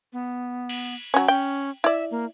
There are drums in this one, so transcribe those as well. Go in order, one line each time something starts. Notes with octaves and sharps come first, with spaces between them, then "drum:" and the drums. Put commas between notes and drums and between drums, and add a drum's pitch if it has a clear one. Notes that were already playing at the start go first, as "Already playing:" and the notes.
B3
drum: cymbal
F#3 C#4
C#4 G5
E4 D5 E5
A#3